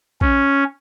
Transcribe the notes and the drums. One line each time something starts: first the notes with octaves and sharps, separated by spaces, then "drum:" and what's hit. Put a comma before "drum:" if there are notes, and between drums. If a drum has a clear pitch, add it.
C#4, drum: kick A#1